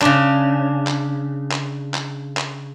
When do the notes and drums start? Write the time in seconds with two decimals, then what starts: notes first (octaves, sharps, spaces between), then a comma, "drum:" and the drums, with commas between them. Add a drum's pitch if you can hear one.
0.01 C#3 D4, drum: clap
0.87 drum: clap
1.51 drum: clap
1.94 drum: clap
2.37 drum: clap